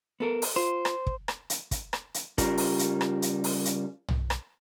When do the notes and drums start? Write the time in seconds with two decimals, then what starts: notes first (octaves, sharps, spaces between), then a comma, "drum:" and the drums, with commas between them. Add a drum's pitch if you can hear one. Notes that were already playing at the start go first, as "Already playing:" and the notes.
0.20 B3 A4 A#4
0.42 drum: open hi-hat
0.56 F4 C5
0.85 drum: rim click
1.07 drum: kick
1.28 drum: rim click
1.50 drum: hi-hat
1.71 drum: kick, hi-hat
1.93 drum: rim click
2.14 drum: hi-hat
2.38 C#3 G3 F4 A#4, drum: kick, hi-hat
2.58 drum: open hi-hat
2.79 drum: hi-hat
3.01 drum: rim click
3.22 drum: hi-hat
3.44 drum: open hi-hat
3.65 drum: hi-hat
4.08 drum: tom
4.30 drum: rim click